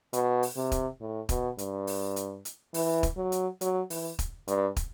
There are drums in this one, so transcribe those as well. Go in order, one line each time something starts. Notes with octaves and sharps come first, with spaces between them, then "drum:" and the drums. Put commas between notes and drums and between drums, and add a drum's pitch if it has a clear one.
B2, drum: hi-hat
drum: open hi-hat
C3
drum: kick, hi-hat
A2
B2, drum: kick, hi-hat
G2, drum: hi-hat
drum: open hi-hat
drum: hi-hat
drum: hi-hat
E3, drum: open hi-hat
drum: kick, hi-hat
F#3
drum: hi-hat
F#3, drum: hi-hat
E3, drum: open hi-hat
drum: kick, hi-hat
G2, drum: hi-hat
drum: kick, hi-hat